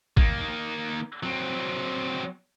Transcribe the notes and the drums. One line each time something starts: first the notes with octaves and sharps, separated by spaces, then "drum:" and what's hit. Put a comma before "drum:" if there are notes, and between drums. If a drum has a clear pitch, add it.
D#3 A#3, drum: kick
F#3 C4